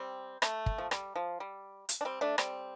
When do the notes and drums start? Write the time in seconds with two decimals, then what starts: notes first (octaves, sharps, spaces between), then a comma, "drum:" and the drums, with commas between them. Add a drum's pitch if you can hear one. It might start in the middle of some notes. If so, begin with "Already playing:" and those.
Already playing: G3 C4
0.42 A3, drum: rim click
0.66 drum: kick
0.78 F3
0.91 G3, drum: rim click
1.16 F3
1.40 G3
1.89 drum: hi-hat
2.01 D4
2.05 G3 C4
2.21 A3 D4
2.38 G3 C4, drum: rim click